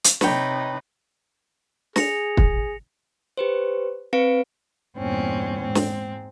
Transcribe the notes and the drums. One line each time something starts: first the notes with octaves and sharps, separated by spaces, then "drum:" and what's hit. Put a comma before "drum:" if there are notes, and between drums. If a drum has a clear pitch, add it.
drum: hi-hat
C3 D#4 B4 C#5 G5, drum: snare
G#4 A#6 C#7 F7, drum: snare
drum: kick
G4 B4 C5
C4 B4 F5 D7
E2 G2 A#2 C4 C#4
G#2 C4
drum: snare